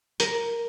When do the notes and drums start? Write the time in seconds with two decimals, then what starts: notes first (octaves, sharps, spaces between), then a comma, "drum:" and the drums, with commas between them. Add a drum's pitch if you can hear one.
0.20 A#4, drum: hi-hat